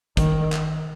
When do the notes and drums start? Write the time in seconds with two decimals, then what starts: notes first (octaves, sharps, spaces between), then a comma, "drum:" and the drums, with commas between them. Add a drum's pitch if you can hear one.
0.17 D#3, drum: kick, hi-hat
0.52 drum: clap